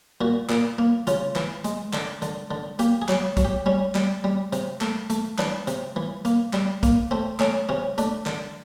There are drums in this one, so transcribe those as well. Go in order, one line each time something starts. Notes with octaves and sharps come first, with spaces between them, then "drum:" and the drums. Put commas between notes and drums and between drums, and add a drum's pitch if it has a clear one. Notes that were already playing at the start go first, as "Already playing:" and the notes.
A#2 F#4
A#2, drum: clap
A#3
C#3 F4, drum: hi-hat
E3, drum: clap
G#3, drum: hi-hat
D3, drum: clap
D3, drum: hi-hat
D3
A#3 G4, drum: hi-hat
G#4
F#3, drum: clap
F#3, drum: kick, hi-hat
G4
G3 C#4
G3, drum: clap
G3
C3, drum: hi-hat
A3, drum: clap
A3, drum: hi-hat
E3 D4, drum: clap
C3, drum: hi-hat
E3
A#3, drum: hi-hat
G3, drum: clap
A#3, drum: kick, hi-hat
A3 C4
A3 C#4, drum: clap
C3 C#4
A3 D4, drum: hi-hat
D3, drum: clap